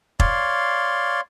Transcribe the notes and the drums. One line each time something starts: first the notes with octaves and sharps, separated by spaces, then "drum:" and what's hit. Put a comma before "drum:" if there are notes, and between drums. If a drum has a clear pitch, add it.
C#5 D5 F5 C6, drum: kick F1